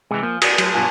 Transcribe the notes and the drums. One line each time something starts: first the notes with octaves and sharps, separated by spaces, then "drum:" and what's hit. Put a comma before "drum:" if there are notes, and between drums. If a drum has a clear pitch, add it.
C3 E3 G#3 G#5
F3 A#3
A3 F#4 G#4 D5, drum: cymbal
F#3, drum: cymbal
G2 B2 F#3 F4 G#5 A5